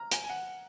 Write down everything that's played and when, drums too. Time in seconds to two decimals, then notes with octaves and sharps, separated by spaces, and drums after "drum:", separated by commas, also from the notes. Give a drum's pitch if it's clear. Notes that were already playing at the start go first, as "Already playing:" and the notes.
Already playing: A#5 F6
0.11 G#5, drum: hi-hat
0.24 G#5
0.30 F#5